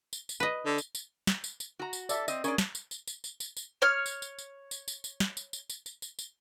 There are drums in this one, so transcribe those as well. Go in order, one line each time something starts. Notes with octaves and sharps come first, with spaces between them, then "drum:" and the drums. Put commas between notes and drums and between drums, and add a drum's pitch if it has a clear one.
drum: tambourine
drum: tambourine
B4 D#5
D3
drum: tambourine
drum: tambourine
drum: snare
drum: tambourine
drum: tambourine
F#4 A#5
drum: tambourine
A4 D5 E5, drum: tambourine
C4 D#5, drum: tambourine
C#4 G#4 A#4 D5, drum: tambourine
drum: snare
drum: tambourine
drum: tambourine
drum: tambourine
drum: tambourine
drum: tambourine
drum: tambourine
C#5 F6
drum: tambourine
drum: tambourine
drum: tambourine
drum: tambourine
drum: tambourine
drum: tambourine
drum: snare
drum: tambourine
drum: tambourine
drum: tambourine
drum: tambourine
drum: tambourine
drum: tambourine